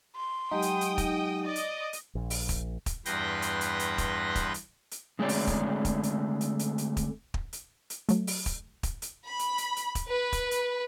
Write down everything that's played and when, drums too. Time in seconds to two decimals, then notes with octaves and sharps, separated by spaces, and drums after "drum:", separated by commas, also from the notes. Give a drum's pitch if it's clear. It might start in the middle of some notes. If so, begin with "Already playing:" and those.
0.16 C6
0.51 F#3 G#3 D#4 G4 G5 D#6
0.62 drum: hi-hat
0.81 drum: hi-hat
0.98 D#5, drum: kick, hi-hat
1.45 D5 D#5
1.56 drum: hi-hat
1.93 drum: hi-hat
2.15 A#1
2.30 drum: open hi-hat
2.49 drum: kick, hi-hat
2.86 drum: kick, hi-hat
3.05 E2 G2 B4 G5 C6 A#6, drum: hi-hat
3.42 drum: hi-hat
3.61 drum: hi-hat
3.79 drum: hi-hat
3.98 drum: kick, hi-hat
4.35 drum: kick, hi-hat
4.54 drum: hi-hat
4.91 drum: hi-hat
5.19 D3 G#3 A3 C4 C#5 D5
5.29 drum: open hi-hat
5.47 drum: kick, hi-hat
5.85 drum: kick, hi-hat
6.03 drum: hi-hat
6.41 drum: hi-hat
6.59 drum: hi-hat
6.78 drum: hi-hat
6.97 drum: kick, hi-hat
7.34 drum: kick
7.53 drum: hi-hat
7.90 drum: hi-hat
8.09 F#3 A3, drum: hi-hat
8.27 drum: open hi-hat
8.46 drum: kick, hi-hat
8.83 drum: kick, hi-hat
9.02 drum: hi-hat
9.26 B5
9.39 drum: hi-hat
9.58 drum: hi-hat
9.77 drum: hi-hat
9.95 drum: kick, hi-hat
10.08 B4
10.32 drum: kick, hi-hat
10.51 drum: hi-hat